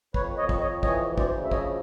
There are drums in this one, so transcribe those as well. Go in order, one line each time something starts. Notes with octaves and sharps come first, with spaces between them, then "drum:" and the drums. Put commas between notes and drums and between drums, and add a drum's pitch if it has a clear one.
F2 B4 C#5, drum: kick
F2 C#5 D#5
drum: kick
F2 C#5 D#5
E3 C#5 D#5, drum: kick
D2
C5 D5, drum: kick
C#3
E5
F3 C#5 D#5, drum: kick